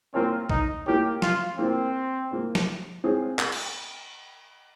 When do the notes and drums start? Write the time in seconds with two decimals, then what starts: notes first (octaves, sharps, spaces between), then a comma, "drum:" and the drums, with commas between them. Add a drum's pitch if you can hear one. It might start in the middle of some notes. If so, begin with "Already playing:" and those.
0.14 A#3 C4 F4 A#4 C#5
0.50 D#4, drum: kick
0.86 A#3 F4 G4 A#4 C#5
1.22 F4, drum: snare
1.58 A#3 C4 F4 C5
2.31 A#3 F4 C5
2.55 drum: snare
3.04 G#3 C4 F4 G#4 C#5
3.39 drum: clap
3.52 drum: cymbal